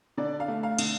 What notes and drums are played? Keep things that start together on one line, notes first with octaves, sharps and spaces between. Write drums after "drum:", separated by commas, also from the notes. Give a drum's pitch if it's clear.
D3 D5
F5
A3
F5
D3, drum: cymbal